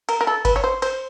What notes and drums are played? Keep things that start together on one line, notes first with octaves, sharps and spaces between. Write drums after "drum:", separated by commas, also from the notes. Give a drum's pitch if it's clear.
A#4, drum: cymbal
A#4
A4
B4, drum: kick G1, cymbal
C#5
C5
C5, drum: cymbal